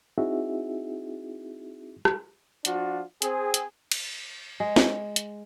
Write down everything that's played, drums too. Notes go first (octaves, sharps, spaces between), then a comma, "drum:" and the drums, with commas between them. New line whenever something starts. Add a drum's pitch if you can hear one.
C4 D#4 E4 F#4 G#4 E5
drum: rim click
F3 D4 F4 F#4, drum: hi-hat
C4 G#4, drum: hi-hat
drum: hi-hat
drum: cymbal
G#3
drum: snare
drum: hi-hat